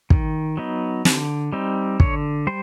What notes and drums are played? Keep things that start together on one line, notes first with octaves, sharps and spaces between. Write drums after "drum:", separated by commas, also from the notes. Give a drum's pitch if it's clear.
D#3, drum: kick
F#3 B3 D#4
D3, drum: snare
G3 C4 D#4
D3 C#5, drum: kick
G3 C5